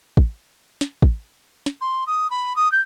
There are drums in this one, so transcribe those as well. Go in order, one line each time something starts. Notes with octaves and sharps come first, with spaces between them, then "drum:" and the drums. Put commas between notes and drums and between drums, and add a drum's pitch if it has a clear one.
drum: kick
drum: snare
drum: kick
drum: snare
C6
D#6
B5
D#6
G6